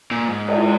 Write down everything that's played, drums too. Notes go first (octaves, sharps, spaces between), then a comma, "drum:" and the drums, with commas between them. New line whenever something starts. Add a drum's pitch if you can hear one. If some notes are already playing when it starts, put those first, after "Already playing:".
A#2
G#2
drum: cymbal